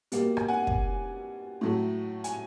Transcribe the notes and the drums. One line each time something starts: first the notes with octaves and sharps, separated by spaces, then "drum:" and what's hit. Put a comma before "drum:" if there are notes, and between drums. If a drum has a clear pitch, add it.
B2 G3 A#3, drum: hi-hat
drum: rim click
F#5 G#5
drum: kick
A2 F#3 A3
G#5, drum: hi-hat